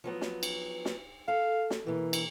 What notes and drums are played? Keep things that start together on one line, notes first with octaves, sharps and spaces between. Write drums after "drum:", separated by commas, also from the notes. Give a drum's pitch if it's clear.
F3 F#3 B3
drum: snare
drum: cymbal
drum: snare
A4 F5
drum: snare
B2 E3 A#3
drum: cymbal